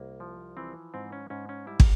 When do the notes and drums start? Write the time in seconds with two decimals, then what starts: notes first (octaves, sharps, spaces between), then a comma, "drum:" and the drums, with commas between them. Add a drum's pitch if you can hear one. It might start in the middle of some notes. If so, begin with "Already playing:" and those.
Already playing: C2 A#3
0.20 F3
0.57 E3 C4
0.94 G#2 C4
1.12 C#4
1.30 G#2 C#4
1.49 C#4
1.67 G3 E4
1.80 drum: kick